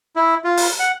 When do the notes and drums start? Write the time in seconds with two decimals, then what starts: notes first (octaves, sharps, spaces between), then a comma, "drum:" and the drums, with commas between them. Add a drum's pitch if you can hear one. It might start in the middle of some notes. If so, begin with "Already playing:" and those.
0.16 E4
0.44 F4
0.57 drum: open hi-hat
0.80 F#5